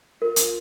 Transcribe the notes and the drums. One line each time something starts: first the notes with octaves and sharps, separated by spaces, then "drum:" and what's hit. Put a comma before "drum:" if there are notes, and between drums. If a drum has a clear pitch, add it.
F4 A#4
drum: hi-hat